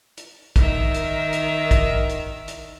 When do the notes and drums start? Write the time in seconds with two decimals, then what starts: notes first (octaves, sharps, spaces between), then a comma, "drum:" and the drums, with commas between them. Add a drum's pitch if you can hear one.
0.17 drum: hi-hat
0.56 D#3 A#4 E5, drum: kick, hi-hat
0.94 drum: hi-hat
1.33 drum: hi-hat
1.71 drum: kick, hi-hat
2.09 drum: hi-hat
2.48 drum: hi-hat